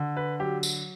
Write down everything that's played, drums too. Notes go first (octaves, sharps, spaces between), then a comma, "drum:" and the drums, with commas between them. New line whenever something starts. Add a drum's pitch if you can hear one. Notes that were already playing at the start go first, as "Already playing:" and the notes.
Already playing: D3
B4
F#3 G4
drum: tambourine